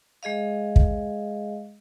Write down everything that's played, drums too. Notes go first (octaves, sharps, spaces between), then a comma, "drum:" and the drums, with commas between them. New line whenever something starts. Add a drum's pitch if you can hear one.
G#3 G#4 D#5 F5
drum: kick